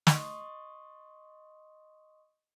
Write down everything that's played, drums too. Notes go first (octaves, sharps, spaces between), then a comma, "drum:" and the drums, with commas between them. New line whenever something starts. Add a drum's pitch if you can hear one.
D#5 C6 C#6 D#6, drum: snare